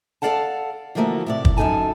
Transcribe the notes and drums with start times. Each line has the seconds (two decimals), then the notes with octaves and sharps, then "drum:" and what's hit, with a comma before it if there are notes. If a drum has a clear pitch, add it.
0.22 A4 A#4 D5 F5 F#5 A5
0.95 D3 E3 F3 A3 A#3 F#4
1.26 A2 C3 D5
1.45 drum: kick
1.57 F#2 D3 D#4 A4 G#5 A5